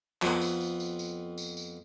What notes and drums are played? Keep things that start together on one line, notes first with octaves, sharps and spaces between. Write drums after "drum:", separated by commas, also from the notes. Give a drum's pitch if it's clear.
F2 B3, drum: clap
drum: tambourine
drum: tambourine
drum: tambourine
drum: tambourine
drum: tambourine
drum: tambourine